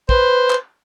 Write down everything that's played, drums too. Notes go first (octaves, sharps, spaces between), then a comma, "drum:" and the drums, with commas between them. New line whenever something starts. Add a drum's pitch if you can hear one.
B4 C5, drum: kick
drum: clap